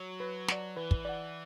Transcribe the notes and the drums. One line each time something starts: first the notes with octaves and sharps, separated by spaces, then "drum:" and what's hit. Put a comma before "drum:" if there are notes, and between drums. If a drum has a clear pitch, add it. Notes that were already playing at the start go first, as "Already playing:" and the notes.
Already playing: F#3
B4
D5 F#5, drum: snare
E3 B4
drum: kick
D5 F#5